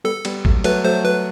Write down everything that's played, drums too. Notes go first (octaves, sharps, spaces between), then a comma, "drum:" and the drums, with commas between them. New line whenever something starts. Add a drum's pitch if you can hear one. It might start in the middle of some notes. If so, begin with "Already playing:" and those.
G3 B3 A4
G3 B3, drum: cymbal
F#3 A3, drum: kick A1
F#3 A3 B4, drum: cymbal
F#3 A3 C5
F#3 B4